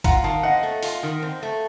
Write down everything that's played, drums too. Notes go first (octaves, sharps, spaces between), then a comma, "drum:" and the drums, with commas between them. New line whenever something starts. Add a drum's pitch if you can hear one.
F4 F#5 A#5, drum: kick A1, hi-hat
D#3 F5 A5
C4 D#5 F#5
A3
F4, drum: open hi-hat
D#3
C4
A3